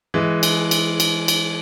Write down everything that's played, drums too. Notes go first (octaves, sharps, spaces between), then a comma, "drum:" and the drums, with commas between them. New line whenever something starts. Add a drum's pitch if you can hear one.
E3 G#3
drum: cymbal
drum: cymbal
drum: cymbal
drum: cymbal